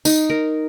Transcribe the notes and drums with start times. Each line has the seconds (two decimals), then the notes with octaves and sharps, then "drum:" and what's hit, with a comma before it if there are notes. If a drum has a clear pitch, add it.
0.05 D#4, drum: tambourine
0.30 A#4